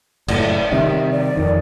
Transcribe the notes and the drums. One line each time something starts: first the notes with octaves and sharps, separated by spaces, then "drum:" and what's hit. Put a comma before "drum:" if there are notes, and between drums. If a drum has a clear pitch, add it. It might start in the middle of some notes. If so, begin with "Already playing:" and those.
F#1 A2 D5, drum: cymbal
C3 D#3 G3 E5
D5
F2 D#3